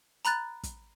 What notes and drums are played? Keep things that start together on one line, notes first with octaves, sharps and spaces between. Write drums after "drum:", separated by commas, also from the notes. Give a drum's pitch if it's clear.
A#5 B5 F#6 A6, drum: hi-hat
drum: kick, hi-hat